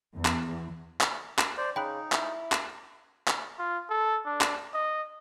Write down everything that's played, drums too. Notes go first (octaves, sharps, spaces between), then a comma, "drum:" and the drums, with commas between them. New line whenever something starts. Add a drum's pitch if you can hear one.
E2
drum: clap
drum: clap
drum: clap
C5 D5
C#3 D#4 G5 B5 F#6
E4, drum: clap
drum: clap
drum: clap
F4
A4
D4
drum: clap
D#5